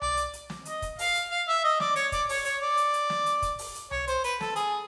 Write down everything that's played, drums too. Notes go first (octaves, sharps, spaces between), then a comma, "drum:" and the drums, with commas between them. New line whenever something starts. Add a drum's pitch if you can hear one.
D5, drum: tom C2
drum: hi-hat
drum: hi-hat
drum: snare
D#5, drum: hi-hat
drum: kick, hi-hat
F5, drum: open hi-hat
drum: hi-hat
F5
E5
D#5
D5, drum: snare
C#5, drum: hi-hat
D5, drum: kick, hi-hat
C#5, drum: open hi-hat
C#5, drum: hi-hat
D5
drum: hi-hat
drum: hi-hat
drum: snare
drum: hi-hat
drum: kick, hi-hat
drum: open hi-hat
drum: hi-hat
C#5, drum: tom C2
C5, drum: hi-hat
B4, drum: hi-hat
A4, drum: snare
G#4, drum: hi-hat